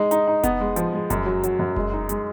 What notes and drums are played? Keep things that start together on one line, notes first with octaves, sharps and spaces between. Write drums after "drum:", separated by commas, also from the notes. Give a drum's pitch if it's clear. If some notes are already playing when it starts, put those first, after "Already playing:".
Already playing: G#3 D#4
D#4, drum: hi-hat
D#4
B3, drum: kick F1, hi-hat
G#3
F3, drum: hi-hat
G#3
F#2, drum: kick F1, hi-hat
F#3
F#3, drum: hi-hat
F#2
G#3, drum: kick F1
D#4
G#3, drum: hi-hat